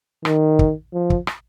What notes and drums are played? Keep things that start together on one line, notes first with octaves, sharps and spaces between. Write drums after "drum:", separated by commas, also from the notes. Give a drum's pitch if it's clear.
D#3, drum: rim click
drum: kick
F3
drum: kick
drum: rim click